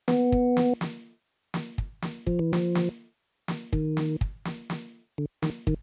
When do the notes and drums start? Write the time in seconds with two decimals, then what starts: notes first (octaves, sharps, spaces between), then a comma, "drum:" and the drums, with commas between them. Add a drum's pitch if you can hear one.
0.08 B3, drum: snare
0.32 drum: kick
0.57 drum: snare
0.81 drum: snare
1.54 drum: snare
1.78 drum: kick
2.02 drum: snare
2.27 F3, drum: kick
2.39 E3
2.53 F3, drum: snare
2.75 drum: snare
3.48 drum: snare
3.73 D#3, drum: kick
3.97 drum: snare
4.21 drum: kick
4.45 drum: snare
4.70 drum: snare
5.18 D3
5.42 D#3, drum: snare
5.67 D#3, drum: kick